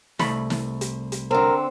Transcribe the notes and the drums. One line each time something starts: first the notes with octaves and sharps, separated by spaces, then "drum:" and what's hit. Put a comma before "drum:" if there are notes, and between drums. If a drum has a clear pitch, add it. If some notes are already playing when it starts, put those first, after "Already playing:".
C2 A3 B5, drum: snare
drum: snare
drum: hi-hat
drum: hi-hat
D3 C4 A#4